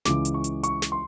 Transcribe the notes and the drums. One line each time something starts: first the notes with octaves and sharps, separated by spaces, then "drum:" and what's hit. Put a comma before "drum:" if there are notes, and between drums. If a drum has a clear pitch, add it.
C#2 C#3 E3 D6, drum: snare
drum: hi-hat
C#6
drum: hi-hat
C#6, drum: hi-hat
drum: snare
C6